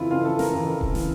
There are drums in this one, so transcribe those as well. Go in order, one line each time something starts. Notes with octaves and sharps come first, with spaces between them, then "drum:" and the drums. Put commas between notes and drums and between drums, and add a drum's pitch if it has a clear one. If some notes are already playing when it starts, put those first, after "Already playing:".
Already playing: F2 C#3 E3 E4 F4
F2 C#3 E3 F4
A4
A#4, drum: snare
F2 C#3 E3
drum: kick D#1
C#3 E3, drum: snare